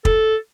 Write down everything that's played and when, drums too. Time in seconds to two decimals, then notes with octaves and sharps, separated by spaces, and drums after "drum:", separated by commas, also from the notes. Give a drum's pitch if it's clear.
0.05 A4, drum: kick